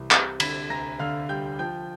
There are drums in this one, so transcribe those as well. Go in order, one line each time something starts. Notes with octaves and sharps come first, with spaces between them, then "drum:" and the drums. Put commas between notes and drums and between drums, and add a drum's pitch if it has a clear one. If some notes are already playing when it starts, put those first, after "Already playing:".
Already playing: C2 C3 E3
C3, drum: clap
D3 B5 B6, drum: cymbal
D2 A#5 A#6
D3 F5 F6
G3 G5 G6
F3 G5 G6